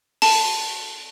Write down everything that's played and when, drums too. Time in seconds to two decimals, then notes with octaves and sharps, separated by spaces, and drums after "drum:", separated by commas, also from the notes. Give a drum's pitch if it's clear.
0.22 A5, drum: open hi-hat